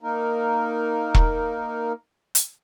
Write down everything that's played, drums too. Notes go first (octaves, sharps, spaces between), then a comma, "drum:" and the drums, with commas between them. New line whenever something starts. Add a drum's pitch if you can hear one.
A#3 D#4 A#4
drum: kick E1
drum: hi-hat